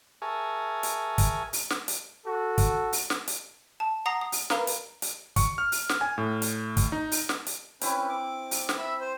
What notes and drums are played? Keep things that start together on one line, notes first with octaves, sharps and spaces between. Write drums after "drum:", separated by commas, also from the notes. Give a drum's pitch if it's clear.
G#4 A#4 E5 G#5 A5 C#6
drum: hi-hat
drum: kick, hi-hat
drum: open hi-hat
drum: snare
drum: hi-hat
F#4 A4
drum: kick, hi-hat
drum: open hi-hat
drum: snare
drum: hi-hat
A5
F#5 A#5 D#6 A#6 C7
D#6
drum: open hi-hat
A#4 B4 F5 A#5 B5, drum: snare
drum: hi-hat
drum: hi-hat
C#6, drum: kick, hi-hat
F6
drum: open hi-hat
drum: snare
G#5
A2
drum: hi-hat
drum: kick, hi-hat
D#4
drum: open hi-hat
drum: snare
drum: hi-hat
C4 C#4 E4 B4, drum: hi-hat
D6
drum: open hi-hat
drum: snare
E5 B5 E6
C5